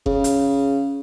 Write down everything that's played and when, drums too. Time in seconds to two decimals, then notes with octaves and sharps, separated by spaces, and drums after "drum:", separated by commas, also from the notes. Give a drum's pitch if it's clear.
0.06 C#3, drum: kick F#1
0.24 drum: hi-hat